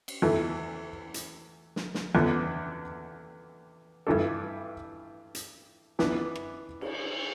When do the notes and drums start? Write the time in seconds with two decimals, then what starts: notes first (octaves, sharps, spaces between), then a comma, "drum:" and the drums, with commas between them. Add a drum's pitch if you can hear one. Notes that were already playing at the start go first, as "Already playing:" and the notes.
0.08 drum: cymbal
0.22 E2 E3 A3
1.14 drum: hi-hat
1.76 drum: snare
1.94 drum: snare
2.15 E2 D3 B3 D4
4.07 G2 E3 A3 D4 A4
5.35 drum: hi-hat
5.99 E3 B3 D4, drum: snare
6.36 drum: rim click
6.81 drum: cymbal